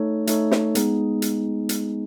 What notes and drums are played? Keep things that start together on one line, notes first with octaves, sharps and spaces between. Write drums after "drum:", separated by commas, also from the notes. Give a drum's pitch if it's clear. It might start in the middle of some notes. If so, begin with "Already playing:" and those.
Already playing: A3 D#4 A4 C#5
A3 D#4 A4 C#5, drum: hi-hat
drum: snare
G#3 B3 D#4 G#4, drum: hi-hat
drum: hi-hat
drum: hi-hat